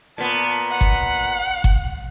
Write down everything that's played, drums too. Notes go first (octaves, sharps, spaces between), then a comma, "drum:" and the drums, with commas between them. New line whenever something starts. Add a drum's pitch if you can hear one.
A#2 B3 A5
F#5
drum: kick G1
drum: kick G1